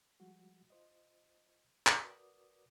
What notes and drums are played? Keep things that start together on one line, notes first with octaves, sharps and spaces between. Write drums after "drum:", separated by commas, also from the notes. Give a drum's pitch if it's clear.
F3 G3 G#3 F#4
F4 C5 D#5
drum: clap
F#4 A#4 B4 D5 D6 D#6